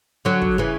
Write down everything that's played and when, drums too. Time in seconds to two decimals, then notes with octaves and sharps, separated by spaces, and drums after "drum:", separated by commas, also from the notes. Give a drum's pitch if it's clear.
0.25 D3 F#3
0.42 drum: kick
0.58 C#3 E3